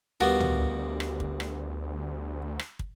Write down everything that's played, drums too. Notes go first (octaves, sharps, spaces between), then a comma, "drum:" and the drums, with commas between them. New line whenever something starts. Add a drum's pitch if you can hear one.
D2 D#3 G3 B3 F4 F#4
drum: tom
drum: rim click
drum: kick
drum: rim click
drum: rim click
drum: kick